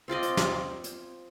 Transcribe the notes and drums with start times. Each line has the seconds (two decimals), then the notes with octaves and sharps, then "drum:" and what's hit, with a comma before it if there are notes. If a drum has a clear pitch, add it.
0.08 C4 F4 D5 D#5
0.23 drum: hi-hat
0.37 drum: snare
0.84 drum: hi-hat